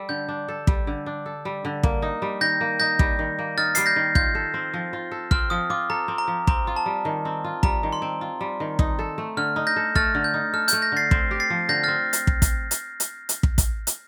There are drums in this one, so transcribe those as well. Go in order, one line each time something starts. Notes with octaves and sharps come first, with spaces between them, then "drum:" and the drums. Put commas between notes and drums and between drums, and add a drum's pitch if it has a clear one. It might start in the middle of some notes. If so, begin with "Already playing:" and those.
Already playing: G3 A4
D3 G6
D4
A4
G3, drum: kick
D3
D4
A4
G3
D3
A#3, drum: kick
D#4
G3
D#3 G6 A#6
A#3
D#4 G6 A#6
G3, drum: kick
D#3
A#3
D#4 F6 A6
G3 C7, drum: hi-hat
G6 A#6
D#3
F4 G6, drum: kick
A4
C4
F3
F4
A4
C4 F6, drum: kick
F3 D#6
F4 D6
A4 A#5
C4
A#5
F3
C4 A#5, drum: kick
F4
A5
G3
D#3
C4
F4
G3 A#5, drum: kick
D#3
C6
C4
F4
G3
D#3
D#4, drum: kick
A4
A3
D3 F6
D#4
G6 A#6
A4
A3 F6 A6, drum: kick
D3
G6
D#4
A4 F6
A3 G6, drum: hi-hat
G6 A#6
D3 A6 C7
C4, drum: kick
G4
A6 C7
F3
D3 G6 A#6
C4 F6 A6
drum: hi-hat
drum: kick
drum: kick, hi-hat
drum: hi-hat
drum: hi-hat
drum: hi-hat
drum: kick
drum: kick, hi-hat
drum: hi-hat